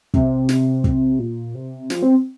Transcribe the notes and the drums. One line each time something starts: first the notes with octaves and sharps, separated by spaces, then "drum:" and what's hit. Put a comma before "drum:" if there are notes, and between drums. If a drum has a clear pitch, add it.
C3, drum: kick
drum: snare
drum: kick
A#2
C3
F3, drum: snare
C4